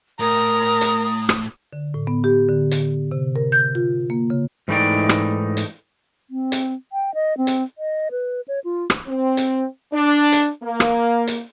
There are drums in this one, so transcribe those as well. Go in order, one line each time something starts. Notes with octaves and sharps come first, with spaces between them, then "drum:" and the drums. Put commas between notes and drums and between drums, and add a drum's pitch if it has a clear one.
A2 A#4 A#5 D#6
drum: hi-hat
drum: rim click
D3
A2
B3
G4
D3
drum: hi-hat
C3
A#4
G6
F4
A#3
C#3
G#2 E3 A3 D#4 D5 G5
drum: rim click
drum: hi-hat
C4
drum: hi-hat
G5
D#5
C4
drum: hi-hat
D#5
B4
C#5
F4
drum: rim click
C4
drum: hi-hat
D4
drum: hi-hat
A#3
drum: rim click
drum: hi-hat